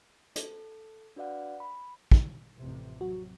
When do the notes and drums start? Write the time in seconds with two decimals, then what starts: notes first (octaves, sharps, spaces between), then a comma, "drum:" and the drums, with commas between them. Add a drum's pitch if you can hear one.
0.36 A4, drum: hi-hat
1.16 D4 F#4 B4 D5 F5 F#5
1.60 B5
2.12 drum: kick
2.59 A1 F2 C3
3.01 C3 F#3 F#4